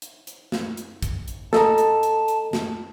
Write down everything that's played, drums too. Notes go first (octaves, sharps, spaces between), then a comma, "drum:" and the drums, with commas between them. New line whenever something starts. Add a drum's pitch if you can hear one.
drum: hi-hat
drum: hi-hat
drum: snare
drum: hi-hat
drum: kick, hi-hat
drum: hi-hat
A4 D#5 A5 A#5, drum: snare
drum: hi-hat
drum: hi-hat
drum: hi-hat
drum: snare